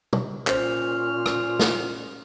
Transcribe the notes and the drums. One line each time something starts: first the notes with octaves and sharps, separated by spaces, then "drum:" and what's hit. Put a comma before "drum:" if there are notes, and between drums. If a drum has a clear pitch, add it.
drum: tom
A#2 C#4 C5 F6, drum: clap
drum: rim click
drum: snare